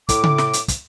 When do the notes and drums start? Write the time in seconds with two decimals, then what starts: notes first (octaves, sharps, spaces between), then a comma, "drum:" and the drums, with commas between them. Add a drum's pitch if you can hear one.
0.09 A2 D6, drum: kick, hi-hat
0.24 drum: tom C#3
0.38 drum: snare
0.53 drum: hi-hat
0.68 drum: kick, hi-hat